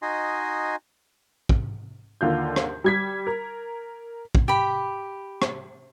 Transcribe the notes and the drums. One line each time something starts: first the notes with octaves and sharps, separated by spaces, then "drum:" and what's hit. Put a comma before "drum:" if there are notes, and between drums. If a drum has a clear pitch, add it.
D#4 F#4 D#5 G#5 C6
drum: kick
D#2 D3 F4 G6
drum: rim click
G3 G#6 B6
A#4
drum: kick
G4 B5
drum: rim click